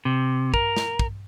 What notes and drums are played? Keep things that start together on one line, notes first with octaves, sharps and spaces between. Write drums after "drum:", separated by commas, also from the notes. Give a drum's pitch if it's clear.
C3
A#4, drum: kick
drum: snare
drum: kick